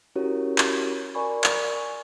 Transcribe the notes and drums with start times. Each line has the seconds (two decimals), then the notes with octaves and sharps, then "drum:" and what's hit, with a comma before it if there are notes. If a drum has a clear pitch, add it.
0.16 C#4 E4 F#4 G4 A#4 C#5
0.58 drum: clap
1.15 A#4 D5 G#5 B5 C#6
1.44 drum: clap